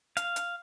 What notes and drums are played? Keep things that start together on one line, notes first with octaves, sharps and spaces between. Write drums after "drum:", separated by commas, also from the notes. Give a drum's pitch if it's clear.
F5, drum: hi-hat
drum: hi-hat